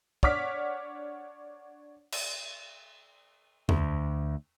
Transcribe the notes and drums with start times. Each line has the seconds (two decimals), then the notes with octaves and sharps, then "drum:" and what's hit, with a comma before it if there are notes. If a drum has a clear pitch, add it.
0.23 D4 C#5 F#5 D6 F6 B6, drum: kick
2.12 drum: cymbal
3.69 D2, drum: tom E2